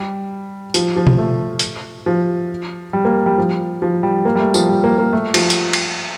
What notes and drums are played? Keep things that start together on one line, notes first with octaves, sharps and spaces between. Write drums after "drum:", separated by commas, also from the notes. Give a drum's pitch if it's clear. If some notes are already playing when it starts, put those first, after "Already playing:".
Already playing: G3
F3, drum: hi-hat
F3
drum: tom B2
A3
drum: hi-hat
F3
G3
A#3
G3
F3
F3
G3
A#3
G3
A3
F3, drum: tambourine
G3
A#3
A#3
A3
F3, drum: cymbal
drum: hi-hat
drum: cymbal